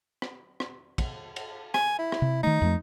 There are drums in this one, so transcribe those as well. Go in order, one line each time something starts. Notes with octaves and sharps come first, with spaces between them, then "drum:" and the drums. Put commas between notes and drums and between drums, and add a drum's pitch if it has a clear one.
drum: rim click
drum: rim click
drum: kick, cymbal
drum: cymbal
G#5, drum: rim click
E4
drum: rim click
C3
D#3 A3 D#4
F2 F3 A3